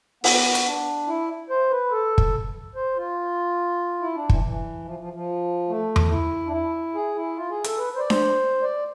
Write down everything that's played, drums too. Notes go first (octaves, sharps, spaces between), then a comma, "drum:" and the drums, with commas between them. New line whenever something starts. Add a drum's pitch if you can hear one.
B3, drum: open hi-hat
drum: hi-hat
D4
E4
C5
B4
A4
drum: kick
C5
F4
E4
D4
E3, drum: kick
E3
F3
F3
F3
A3
drum: tom E2
E4
D4
E4
G#4
E4
F4
G#4
A4, drum: hi-hat
B4
C5
D5
C5, drum: snare D4
D5